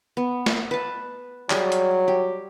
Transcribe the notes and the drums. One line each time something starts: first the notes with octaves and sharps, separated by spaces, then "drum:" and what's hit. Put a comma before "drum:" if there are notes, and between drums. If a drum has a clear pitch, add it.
B3
drum: snare
B4 A5
F#3 G3 G#4, drum: clap
drum: hi-hat
G4